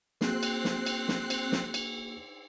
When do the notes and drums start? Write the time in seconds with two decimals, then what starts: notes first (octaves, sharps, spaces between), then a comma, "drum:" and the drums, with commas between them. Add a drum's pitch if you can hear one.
0.21 A#3 C4 F#4 G#4 F#6 C7, drum: snare
0.43 drum: cymbal
0.65 drum: snare
0.86 drum: cymbal
1.08 drum: snare
1.30 drum: cymbal
1.52 drum: snare
1.74 drum: cymbal